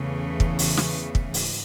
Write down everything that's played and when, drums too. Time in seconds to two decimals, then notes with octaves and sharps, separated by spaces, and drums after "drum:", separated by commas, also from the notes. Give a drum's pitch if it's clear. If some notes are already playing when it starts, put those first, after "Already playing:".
Already playing: E2 C#3 E3 A3
0.40 drum: kick
0.59 drum: open hi-hat
0.77 drum: snare
1.15 drum: kick
1.34 G#2, drum: open hi-hat